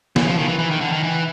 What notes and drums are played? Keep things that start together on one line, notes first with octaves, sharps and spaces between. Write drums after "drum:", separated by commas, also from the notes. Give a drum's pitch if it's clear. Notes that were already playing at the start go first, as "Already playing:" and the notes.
E3, drum: snare
F3
D#3
E3
E3
D#3
D3
D#3
E3